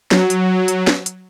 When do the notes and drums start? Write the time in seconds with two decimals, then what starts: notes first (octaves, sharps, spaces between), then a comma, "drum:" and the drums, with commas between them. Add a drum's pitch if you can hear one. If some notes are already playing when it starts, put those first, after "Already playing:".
0.11 F#3, drum: snare
0.30 drum: hi-hat
0.68 drum: hi-hat
0.87 drum: snare
1.06 drum: hi-hat